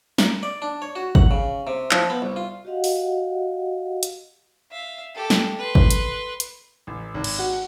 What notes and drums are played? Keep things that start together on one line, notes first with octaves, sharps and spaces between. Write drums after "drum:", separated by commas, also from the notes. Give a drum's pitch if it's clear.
A#4, drum: snare
D5
D4
C#5
F#4
F#5, drum: kick G#1
C#3
C3
F3, drum: clap
B3
C2
F4
F#4 G4 D#5 F5 F#5
drum: open hi-hat
drum: hi-hat
E5 F5
G4 A4
drum: snare
B4 C6
drum: kick G#1
drum: hi-hat
drum: hi-hat
A1
G#1
drum: cymbal
F#4
F#5